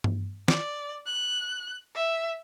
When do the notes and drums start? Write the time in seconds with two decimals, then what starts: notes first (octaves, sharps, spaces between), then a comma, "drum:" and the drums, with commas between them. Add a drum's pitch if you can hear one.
0.04 drum: tom G2
0.48 D5, drum: snare
1.06 F#6
1.95 E5